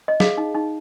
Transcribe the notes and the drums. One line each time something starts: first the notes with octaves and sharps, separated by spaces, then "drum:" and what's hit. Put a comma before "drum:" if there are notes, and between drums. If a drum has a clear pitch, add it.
D#5
G#4 F5, drum: snare
D#4
D#4